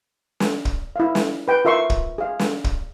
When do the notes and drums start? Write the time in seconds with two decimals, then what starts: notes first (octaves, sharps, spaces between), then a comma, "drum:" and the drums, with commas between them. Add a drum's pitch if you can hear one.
0.40 drum: snare
0.65 drum: kick
0.96 E4 F5
1.15 drum: snare
1.48 B4 G5
1.65 F4 A#4 E5 C6 C#6
1.90 drum: kick
2.18 G#4 F5
2.39 drum: snare
2.64 drum: kick